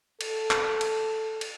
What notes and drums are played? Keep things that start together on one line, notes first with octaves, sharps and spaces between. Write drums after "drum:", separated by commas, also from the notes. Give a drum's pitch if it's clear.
A4, drum: cymbal
drum: clap
drum: cymbal
drum: cymbal